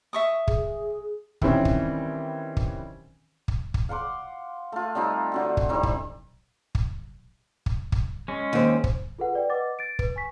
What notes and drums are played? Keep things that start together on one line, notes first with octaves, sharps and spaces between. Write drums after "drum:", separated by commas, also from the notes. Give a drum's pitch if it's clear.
E5 C#6 D#6
G#4, drum: kick
D#3 E3 G3 C4 C#4, drum: kick
drum: kick
drum: kick
drum: kick
drum: kick
F5 F#5 C6 D6
A3 F4
G3 C4 D#4 F4
D3 C4 F#4
drum: kick
G3 C4 D#4 E4
drum: kick
drum: kick
drum: kick
drum: kick
G#3 C#4
D#2 C4
drum: kick
F4 G#4 A4 B4 F#5
B4 D5 G5
B4 D#5 F#5 D6 A6
A6 D7
B4, drum: kick
G#5 C#6 B6